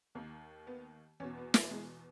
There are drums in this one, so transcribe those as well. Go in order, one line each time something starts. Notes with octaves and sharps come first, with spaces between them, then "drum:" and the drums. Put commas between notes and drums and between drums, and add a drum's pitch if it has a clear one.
D#2 D#3 A#3
B3
E2 B2 C#4
B3
A#3, drum: snare
G#3